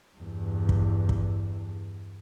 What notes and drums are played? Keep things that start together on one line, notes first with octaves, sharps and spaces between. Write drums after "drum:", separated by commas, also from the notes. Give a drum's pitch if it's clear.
E2 G2
drum: kick
drum: kick